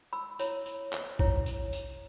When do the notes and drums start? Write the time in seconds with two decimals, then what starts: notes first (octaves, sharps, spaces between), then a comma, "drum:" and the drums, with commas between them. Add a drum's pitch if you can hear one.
0.13 B5 E6
0.39 E4 C#5, drum: tambourine
0.66 drum: tambourine
0.93 drum: clap
1.19 E4 C#5, drum: kick
1.46 drum: tambourine
1.73 drum: tambourine